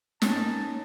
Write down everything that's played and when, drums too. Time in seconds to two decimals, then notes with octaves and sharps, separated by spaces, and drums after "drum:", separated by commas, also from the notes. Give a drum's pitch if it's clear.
0.22 A#3 C#4 D#4 A5, drum: snare